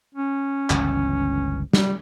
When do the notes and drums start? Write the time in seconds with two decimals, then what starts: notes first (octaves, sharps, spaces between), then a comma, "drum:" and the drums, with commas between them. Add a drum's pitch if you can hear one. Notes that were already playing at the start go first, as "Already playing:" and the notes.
0.15 C#4
0.70 G1 C#2 E3, drum: clap
1.73 G3, drum: snare